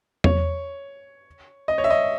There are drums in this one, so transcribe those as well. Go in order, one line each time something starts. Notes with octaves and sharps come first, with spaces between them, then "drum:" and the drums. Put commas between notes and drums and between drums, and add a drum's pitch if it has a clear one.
C#5, drum: tom E2
D#5
C#5
E5
D#5